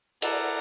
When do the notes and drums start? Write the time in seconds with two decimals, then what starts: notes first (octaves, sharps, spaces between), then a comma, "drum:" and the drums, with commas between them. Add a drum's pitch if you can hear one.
0.22 E4 A4 A#4 D5 F#5, drum: cymbal